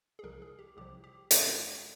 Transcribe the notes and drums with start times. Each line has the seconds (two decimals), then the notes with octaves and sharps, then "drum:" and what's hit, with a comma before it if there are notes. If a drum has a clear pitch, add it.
0.19 G#4
0.24 C2 C3 F3 A#4
0.42 G#4
0.59 G4
0.77 C2 C3 F3 G4
1.04 G4
1.31 F2 D#3 G#3 F4, drum: hi-hat
1.58 G4